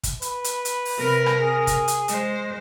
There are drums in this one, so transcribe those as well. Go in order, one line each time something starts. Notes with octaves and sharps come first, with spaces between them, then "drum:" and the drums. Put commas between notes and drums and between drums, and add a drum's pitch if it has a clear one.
drum: kick, hi-hat
B4, drum: hi-hat
drum: hi-hat
drum: hi-hat
drum: open hi-hat
C3 A#4
drum: rim click
G#4
drum: kick, hi-hat
drum: hi-hat
G#3 C5, drum: hi-hat